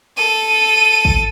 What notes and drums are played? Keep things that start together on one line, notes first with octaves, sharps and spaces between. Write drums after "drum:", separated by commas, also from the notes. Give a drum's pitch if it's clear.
A4 D#7
drum: kick